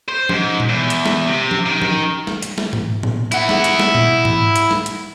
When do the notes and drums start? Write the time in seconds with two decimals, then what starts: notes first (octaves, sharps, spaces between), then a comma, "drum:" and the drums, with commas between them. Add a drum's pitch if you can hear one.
0.09 C5
0.29 G#2, drum: tom F3
0.60 drum: tom A#2
0.70 E2
0.90 drum: hi-hat
1.06 drum: snare
1.27 C3
1.51 drum: tom F3
1.66 D#3
1.82 drum: tom F3
2.27 drum: snare
2.42 drum: hi-hat
2.58 drum: snare
2.73 drum: tom G#2
3.03 drum: tom A2
3.32 E4 F#5, drum: hi-hat
3.49 drum: snare
3.64 drum: hi-hat
3.79 drum: snare
3.95 drum: tom A#2
4.25 drum: tom G#2
4.56 drum: hi-hat
4.71 drum: snare
4.86 drum: hi-hat